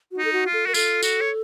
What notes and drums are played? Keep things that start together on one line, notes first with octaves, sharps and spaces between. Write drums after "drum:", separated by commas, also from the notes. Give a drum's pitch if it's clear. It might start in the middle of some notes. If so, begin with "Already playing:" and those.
F#4
D#4
A4
F#4
F4
A4
F#4 A#4
F4 A4, drum: tambourine
F#4, drum: tambourine
C#5